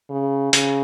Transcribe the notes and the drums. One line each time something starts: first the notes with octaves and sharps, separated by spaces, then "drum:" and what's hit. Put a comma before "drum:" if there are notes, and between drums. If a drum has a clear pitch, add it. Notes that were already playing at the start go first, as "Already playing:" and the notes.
C#3
C#3, drum: hi-hat